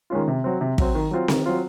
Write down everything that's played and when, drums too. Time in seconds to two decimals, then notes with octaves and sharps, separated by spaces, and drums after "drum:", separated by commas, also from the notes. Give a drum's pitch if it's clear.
0.10 D#3 G#3 C#4 F4
0.28 C3
0.44 F#3 C4
0.61 C3
0.78 F#3 C4, drum: kick
0.95 D#3
1.11 F#3 C4 F4
1.28 D#3, drum: snare C4
1.46 F#3 C4 F4